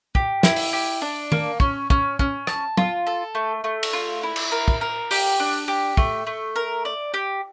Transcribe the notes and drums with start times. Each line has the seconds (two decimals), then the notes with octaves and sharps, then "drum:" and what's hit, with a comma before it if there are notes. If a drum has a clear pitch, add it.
0.15 G4, drum: kick
0.43 E4, drum: snare
0.56 drum: open hi-hat
0.73 G4
1.02 D4
1.32 A#3, drum: tom
1.60 C#4, drum: kick
1.90 C#4, drum: kick
2.19 C#4, drum: kick
2.47 A5, drum: rim click
2.77 F4, drum: tom
3.07 A4
3.35 A3
3.64 A3
3.83 drum: cymbal
3.93 F4
4.23 E4
4.36 drum: cymbal
4.51 A#4
4.68 drum: kick
4.81 A#4
5.11 G4, drum: open hi-hat
5.40 D4
5.68 G4
5.97 A3, drum: kick
6.27 A3
6.56 A#4
6.85 D5
7.14 G4